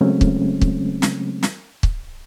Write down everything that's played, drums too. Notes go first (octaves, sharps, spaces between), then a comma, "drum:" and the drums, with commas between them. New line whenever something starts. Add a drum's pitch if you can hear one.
C#3 F#3 G#3 A3 C4 C#4
drum: kick
drum: kick
drum: snare
drum: snare
drum: kick